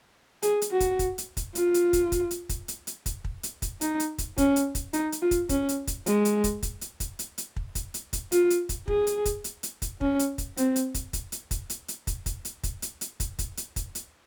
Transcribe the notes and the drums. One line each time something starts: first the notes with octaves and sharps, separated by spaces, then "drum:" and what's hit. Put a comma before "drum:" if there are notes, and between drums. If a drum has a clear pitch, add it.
G#4, drum: hi-hat
drum: hi-hat
F#4
drum: kick, hi-hat
drum: kick, hi-hat
drum: hi-hat
drum: kick, hi-hat
F4, drum: hi-hat
drum: hi-hat
drum: kick, hi-hat
drum: kick, hi-hat
drum: hi-hat
drum: kick, hi-hat
drum: hi-hat
drum: hi-hat
drum: kick, hi-hat
drum: kick
drum: hi-hat
drum: kick, hi-hat
D#4, drum: hi-hat
drum: hi-hat
drum: kick, hi-hat
C#4, drum: kick, hi-hat
drum: hi-hat
drum: kick, hi-hat
D#4, drum: hi-hat
drum: hi-hat
F4
drum: kick, hi-hat
C#4, drum: kick, hi-hat
drum: hi-hat
drum: kick, hi-hat
G#3, drum: hi-hat
drum: hi-hat
drum: kick, hi-hat
drum: kick, hi-hat
drum: hi-hat
drum: kick, hi-hat
drum: hi-hat
drum: hi-hat
drum: kick
drum: kick, hi-hat
drum: hi-hat
drum: kick, hi-hat
F4, drum: hi-hat
drum: hi-hat
drum: kick, hi-hat
G#4, drum: kick
drum: hi-hat
drum: kick, hi-hat
drum: hi-hat
drum: hi-hat
drum: kick, hi-hat
C#4, drum: kick
drum: hi-hat
drum: kick, hi-hat
C4, drum: hi-hat
drum: hi-hat
drum: kick, hi-hat
drum: kick, hi-hat
drum: hi-hat
drum: kick, hi-hat
drum: hi-hat
drum: hi-hat
drum: kick, hi-hat
drum: kick, hi-hat
drum: hi-hat
drum: kick, hi-hat
drum: hi-hat
drum: hi-hat
drum: kick, hi-hat
drum: kick, hi-hat
drum: hi-hat
drum: kick, hi-hat
drum: hi-hat